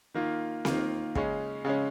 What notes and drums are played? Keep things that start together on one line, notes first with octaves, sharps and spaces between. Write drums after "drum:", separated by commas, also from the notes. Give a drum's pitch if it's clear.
D#3 A#3 F4
D#3 A#3 F4, drum: snare C4
C#3 G#3 C#4, drum: kick
C#3 G#3 C#4